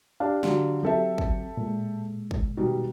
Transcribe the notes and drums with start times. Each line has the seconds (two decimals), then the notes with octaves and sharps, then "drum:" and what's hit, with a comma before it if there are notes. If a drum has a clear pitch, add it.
0.20 D4 G4 D5 F5
0.43 D3 F#3, drum: snare
0.83 F#3 C4 G4 A4 E5
1.18 drum: kick
1.57 A#2 G#3
2.31 drum: kick
2.57 B2 D#3 G3